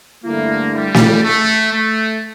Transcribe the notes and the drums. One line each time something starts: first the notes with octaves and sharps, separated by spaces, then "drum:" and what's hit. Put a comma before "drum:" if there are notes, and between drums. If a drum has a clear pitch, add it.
G2 D3 A3 A#3 E4
G3
drum: snare
A3
A3